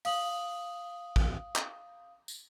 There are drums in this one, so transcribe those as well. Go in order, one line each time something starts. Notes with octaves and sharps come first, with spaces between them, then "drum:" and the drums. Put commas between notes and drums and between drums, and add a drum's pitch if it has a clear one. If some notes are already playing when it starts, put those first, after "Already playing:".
F5 D#6 F#7, drum: open hi-hat
drum: kick A1
drum: clap
drum: tambourine